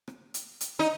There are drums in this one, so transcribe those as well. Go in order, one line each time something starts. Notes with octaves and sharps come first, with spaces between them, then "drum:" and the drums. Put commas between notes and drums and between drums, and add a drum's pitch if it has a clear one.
drum: rim click
drum: hi-hat
drum: hi-hat
D#4